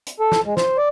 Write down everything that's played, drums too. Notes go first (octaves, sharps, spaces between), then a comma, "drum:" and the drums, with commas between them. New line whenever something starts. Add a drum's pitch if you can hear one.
drum: hi-hat
A4
drum: snare
G#3
C5, drum: snare
D5